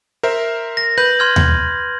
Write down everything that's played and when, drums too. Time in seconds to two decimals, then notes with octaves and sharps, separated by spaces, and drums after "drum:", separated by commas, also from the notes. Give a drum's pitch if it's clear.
0.23 A#4 C5 E5
0.77 A#6
0.98 B4 G6 F#7
1.19 C6 F6 G#6
1.36 drum: tom D#2